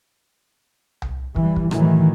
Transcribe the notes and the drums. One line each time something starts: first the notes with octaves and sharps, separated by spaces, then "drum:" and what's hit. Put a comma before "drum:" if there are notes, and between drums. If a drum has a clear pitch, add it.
drum: tom C2
E3 G3, drum: kick
drum: kick
A2 D#3 E3 F#3, drum: rim click